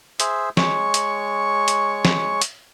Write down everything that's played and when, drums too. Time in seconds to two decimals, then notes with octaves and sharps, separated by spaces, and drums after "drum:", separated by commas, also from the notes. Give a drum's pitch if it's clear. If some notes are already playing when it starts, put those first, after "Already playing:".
0.20 G#4 C5 E5, drum: hi-hat
0.57 G#3 C#5 C#6, drum: snare
0.94 drum: hi-hat
1.68 drum: hi-hat
2.05 drum: snare
2.41 drum: hi-hat